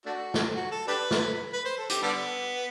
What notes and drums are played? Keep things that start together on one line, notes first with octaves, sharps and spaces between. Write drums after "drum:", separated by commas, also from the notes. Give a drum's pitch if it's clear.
A3 D4 F#4
drum: snare
F#4
A4
D4 G4 B4
drum: snare
B4
C5
A4
G4, drum: hi-hat
D3 G3 B3